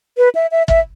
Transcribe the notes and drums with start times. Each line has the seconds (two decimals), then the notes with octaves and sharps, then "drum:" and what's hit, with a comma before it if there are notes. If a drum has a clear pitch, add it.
0.18 B4
0.35 E5
0.51 E5
0.68 E5, drum: kick